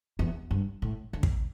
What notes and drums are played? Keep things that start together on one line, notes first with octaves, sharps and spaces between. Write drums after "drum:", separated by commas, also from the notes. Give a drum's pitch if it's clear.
E2
G2
A2
D3
drum: kick